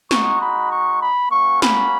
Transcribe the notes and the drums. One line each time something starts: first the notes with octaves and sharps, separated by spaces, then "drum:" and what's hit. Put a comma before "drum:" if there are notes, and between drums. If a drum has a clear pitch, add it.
G#3 D#4 F#4 C#6, drum: snare
B5
C#6
B5
A#3 C#4 F#4 C#6
B5, drum: snare